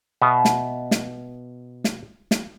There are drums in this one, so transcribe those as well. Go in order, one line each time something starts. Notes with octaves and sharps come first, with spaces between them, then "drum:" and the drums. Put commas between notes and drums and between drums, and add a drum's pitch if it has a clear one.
B2 B3 E5
drum: snare
drum: snare
drum: snare
drum: snare